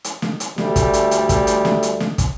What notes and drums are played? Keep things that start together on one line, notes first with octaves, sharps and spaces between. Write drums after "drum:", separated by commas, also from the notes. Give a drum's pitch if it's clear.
drum: hi-hat
drum: snare
drum: hi-hat
D2 G3 A3, drum: snare
drum: kick, hi-hat
drum: hi-hat
drum: hi-hat
drum: kick, hi-hat
drum: hi-hat
drum: snare
drum: hi-hat
drum: snare
drum: kick, hi-hat